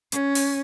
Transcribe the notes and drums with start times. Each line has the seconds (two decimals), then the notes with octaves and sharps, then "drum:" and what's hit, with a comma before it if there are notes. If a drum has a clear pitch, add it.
0.12 C#4, drum: hi-hat
0.35 drum: open hi-hat